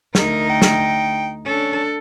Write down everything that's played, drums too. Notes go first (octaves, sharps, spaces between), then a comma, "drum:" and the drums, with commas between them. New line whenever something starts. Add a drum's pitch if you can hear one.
D2 D#4 A#4, drum: snare
G5
drum: snare
C#4 D4 A4